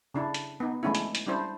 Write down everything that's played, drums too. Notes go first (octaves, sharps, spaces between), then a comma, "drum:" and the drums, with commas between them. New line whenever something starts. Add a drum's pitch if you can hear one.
C#3 D4 E4
drum: hi-hat
B3 D#4
E3 G#3 A3 C#4 D4 E4
drum: hi-hat
drum: hi-hat
G3 C#4 D4 E4 C5